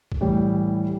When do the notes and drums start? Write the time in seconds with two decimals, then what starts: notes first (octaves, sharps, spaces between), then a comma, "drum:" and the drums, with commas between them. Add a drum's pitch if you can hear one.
0.12 drum: kick
0.21 A2 E3 G3